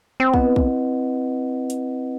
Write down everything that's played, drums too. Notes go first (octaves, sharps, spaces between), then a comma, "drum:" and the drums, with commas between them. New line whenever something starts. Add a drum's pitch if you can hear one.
C4
B3 C4 E4 B4 D#5 F#5, drum: kick
drum: kick
drum: hi-hat